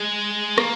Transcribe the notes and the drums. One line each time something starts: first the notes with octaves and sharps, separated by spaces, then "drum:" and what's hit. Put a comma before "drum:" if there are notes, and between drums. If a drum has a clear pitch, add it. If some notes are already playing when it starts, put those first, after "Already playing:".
Already playing: G#3
A#3, drum: rim click